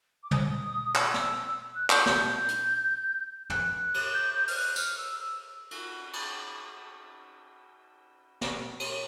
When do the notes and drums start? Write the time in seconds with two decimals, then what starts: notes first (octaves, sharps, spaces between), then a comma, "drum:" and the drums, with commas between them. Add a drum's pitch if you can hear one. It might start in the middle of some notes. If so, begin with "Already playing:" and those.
0.23 D6
0.31 D#6, drum: tom
0.95 E6, drum: clap
1.14 drum: snare
1.75 F#6
1.90 G6, drum: clap
2.06 G6, drum: snare
2.48 drum: hi-hat
3.50 F#6, drum: tom
3.94 drum: cymbal
4.13 G6
4.34 G6
4.48 F6, drum: open hi-hat
4.56 F#6
4.76 F6, drum: tambourine
4.97 E6
5.20 E6
5.71 drum: cymbal
6.13 drum: cymbal
8.41 drum: snare
8.80 drum: cymbal